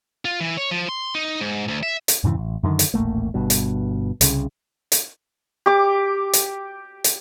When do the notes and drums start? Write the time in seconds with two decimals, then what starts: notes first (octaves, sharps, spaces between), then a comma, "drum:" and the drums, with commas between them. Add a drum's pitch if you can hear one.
0.25 F4
0.41 E3
0.57 C#5
0.71 F3
0.89 C6
1.15 D#4
1.41 G#2
1.68 D2
1.83 E5
2.08 drum: hi-hat
2.24 F2 G#2 C#3 E3
2.38 A1
2.63 F#2 D3 D#3
2.79 drum: hi-hat
2.94 D#1 A1 A3 A#3
3.34 G1 G2 B2
3.50 drum: hi-hat
4.21 C2 C#3, drum: hi-hat
4.92 drum: hi-hat
5.66 G4 D6
6.33 drum: hi-hat
7.04 drum: hi-hat